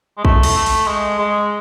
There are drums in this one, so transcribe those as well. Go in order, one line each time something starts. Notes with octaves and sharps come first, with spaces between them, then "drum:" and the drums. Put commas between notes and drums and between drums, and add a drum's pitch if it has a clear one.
G#3
A3, drum: kick
drum: cymbal
A3
drum: open hi-hat
G#3
G#3